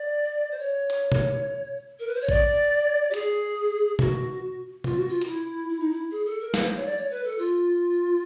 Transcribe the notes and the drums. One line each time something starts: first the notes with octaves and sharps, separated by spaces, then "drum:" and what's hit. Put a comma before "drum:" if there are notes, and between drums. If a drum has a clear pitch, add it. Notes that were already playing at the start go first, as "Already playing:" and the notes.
Already playing: D5
C5
C#5
drum: hi-hat
drum: tom B2
A#4
B4
C5
C#5
D5, drum: kick
G4
G#4, drum: hi-hat
F#4, drum: tom B2
F4, drum: tom B2
F#4
F4
F4, drum: hi-hat
E4
E4
D#4
E4
G#4
A4
A#4
B4, drum: snare
C5
C#5
D5
C#5
B4
A4
F4